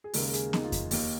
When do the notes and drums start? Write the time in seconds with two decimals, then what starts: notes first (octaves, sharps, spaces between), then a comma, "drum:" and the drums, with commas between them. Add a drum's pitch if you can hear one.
0.04 G#4
0.14 D#2 C#3 G#3 A#4, drum: open hi-hat
0.27 A#4
0.33 G#4, drum: hi-hat
0.53 D#4, drum: snare B3
0.64 F4
0.72 D#4, drum: kick F2, hi-hat
0.91 D#2 D#3 A#3 D#4, drum: open hi-hat